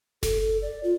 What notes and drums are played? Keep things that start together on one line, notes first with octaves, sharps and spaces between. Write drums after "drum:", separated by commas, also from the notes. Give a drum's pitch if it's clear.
A4, drum: snare F#1
A4
D5
F4